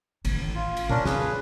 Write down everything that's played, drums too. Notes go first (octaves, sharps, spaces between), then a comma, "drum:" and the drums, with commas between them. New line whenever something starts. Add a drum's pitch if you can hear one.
A1 D#3, drum: cymbal
F4
drum: cymbal
F2 C#4 D4 A#4, drum: tom A#2
G1 C#3 G#4 B4, drum: snare